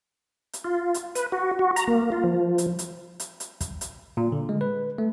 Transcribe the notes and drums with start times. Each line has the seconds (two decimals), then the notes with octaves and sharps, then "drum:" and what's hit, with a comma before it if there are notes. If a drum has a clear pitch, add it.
0.53 drum: hi-hat
0.64 F4
0.94 drum: hi-hat
1.15 B4, drum: hi-hat
1.32 F#4
1.59 F#4
1.76 A#5, drum: hi-hat
1.88 A#3
2.12 F4
2.24 F3
2.58 drum: hi-hat
2.79 drum: hi-hat
3.20 drum: hi-hat
3.40 drum: hi-hat
3.61 drum: kick, hi-hat
3.81 drum: hi-hat
4.17 A#2
4.32 D3
4.49 G#3
4.61 B4
4.98 A3